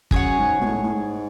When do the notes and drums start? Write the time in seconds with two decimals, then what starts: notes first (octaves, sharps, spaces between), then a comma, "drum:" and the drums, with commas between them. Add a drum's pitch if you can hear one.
0.11 F#2 G#4 C#5 F#5, drum: kick
0.39 G#2
0.61 B2
0.66 A2
0.83 A2
0.93 G#2